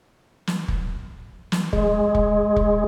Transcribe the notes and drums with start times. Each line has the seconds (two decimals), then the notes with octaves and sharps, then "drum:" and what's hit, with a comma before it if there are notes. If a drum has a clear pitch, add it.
0.47 drum: snare
0.68 drum: kick
1.52 drum: snare
1.73 G#3, drum: kick
2.15 drum: kick
2.56 drum: kick